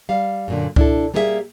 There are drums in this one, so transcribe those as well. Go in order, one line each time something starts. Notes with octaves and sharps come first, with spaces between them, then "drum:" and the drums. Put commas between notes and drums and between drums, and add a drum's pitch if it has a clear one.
G3 F5
F#2 A#2 D3
D4 E4 A4, drum: kick C#2
G3 A#3 G4 G#4 C#5 E5